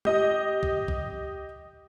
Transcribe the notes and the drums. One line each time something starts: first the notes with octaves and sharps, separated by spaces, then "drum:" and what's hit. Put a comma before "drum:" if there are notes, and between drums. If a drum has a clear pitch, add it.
G4 D#5, drum: tom G#3
drum: kick
drum: kick